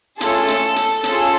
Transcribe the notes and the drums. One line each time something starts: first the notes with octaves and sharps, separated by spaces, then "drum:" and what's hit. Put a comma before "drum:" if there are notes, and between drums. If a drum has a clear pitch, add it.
A3 C#4 F4 G#4 A4, drum: hi-hat
drum: hi-hat
drum: hi-hat
C#4 F4 G#4 A4, drum: hi-hat